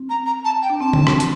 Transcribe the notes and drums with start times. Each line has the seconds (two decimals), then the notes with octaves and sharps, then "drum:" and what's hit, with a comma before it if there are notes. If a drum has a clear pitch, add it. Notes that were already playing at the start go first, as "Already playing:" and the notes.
Already playing: C4
0.09 A#5
0.26 A#5
0.45 A5
0.62 G5
0.70 D4
0.80 C4 A5
0.93 drum: tom D3
1.07 drum: rim click
1.20 drum: hi-hat